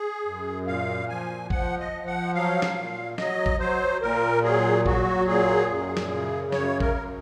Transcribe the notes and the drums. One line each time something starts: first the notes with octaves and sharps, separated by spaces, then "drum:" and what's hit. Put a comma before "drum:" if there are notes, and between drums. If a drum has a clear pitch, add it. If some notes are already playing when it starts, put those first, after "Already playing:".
Already playing: G#4
F#2
A#2 F5
F3 G#5
F3 F#5, drum: kick
D#5
F3
F#5
F#3 F5
drum: snare
A#2
F#3 D#5, drum: snare
drum: kick
F#3 C5
A#2 A#4
F#3 G#4
F#3 F#4, drum: kick
A#2 G#4
F#2
drum: snare
C#3
F#2 C#5, drum: snare
A#4, drum: kick
F#2